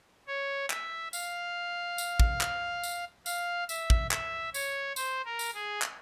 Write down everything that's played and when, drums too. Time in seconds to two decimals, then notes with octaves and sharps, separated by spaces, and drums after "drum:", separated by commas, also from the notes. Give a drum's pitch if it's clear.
0.28 C#5
0.70 E5, drum: clap
1.13 F5, drum: tambourine
1.98 drum: tambourine
2.20 drum: kick
2.41 drum: clap
2.83 drum: tambourine
3.26 F5, drum: tambourine
3.69 E5, drum: tambourine
3.90 drum: kick
4.11 E5, drum: clap
4.54 C#5, drum: tambourine
4.96 C5, drum: tambourine
5.25 A#4
5.39 drum: tambourine
5.54 G#4
5.82 drum: clap